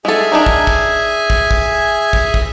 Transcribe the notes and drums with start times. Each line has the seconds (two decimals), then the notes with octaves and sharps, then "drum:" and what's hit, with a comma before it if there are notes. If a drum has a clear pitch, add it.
0.05 G#3 G#4 A4 E5 G#5
0.32 D4 D#4 A#4
0.46 drum: kick
0.67 drum: kick
1.30 drum: kick
1.51 drum: kick
2.13 drum: kick
2.34 drum: kick